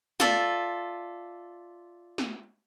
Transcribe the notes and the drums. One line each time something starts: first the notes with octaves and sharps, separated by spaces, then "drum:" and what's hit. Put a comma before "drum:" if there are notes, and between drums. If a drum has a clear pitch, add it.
F4 A4 D5 E5, drum: snare
drum: snare